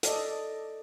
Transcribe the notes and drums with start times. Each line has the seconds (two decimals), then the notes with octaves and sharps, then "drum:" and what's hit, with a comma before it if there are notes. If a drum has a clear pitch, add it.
0.03 A4 D5 D#5, drum: hi-hat